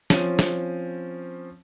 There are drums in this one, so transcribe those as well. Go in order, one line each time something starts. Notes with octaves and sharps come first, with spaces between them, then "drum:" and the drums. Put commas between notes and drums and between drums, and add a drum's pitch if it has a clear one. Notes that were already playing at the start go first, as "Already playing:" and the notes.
F3 C4 C#4 D#7, drum: snare
drum: snare